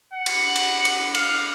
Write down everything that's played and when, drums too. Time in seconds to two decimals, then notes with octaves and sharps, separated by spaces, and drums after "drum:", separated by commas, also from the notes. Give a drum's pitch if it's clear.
0.13 F#5
0.26 drum: cymbal
0.56 drum: cymbal
0.85 drum: cymbal
1.15 F5, drum: cymbal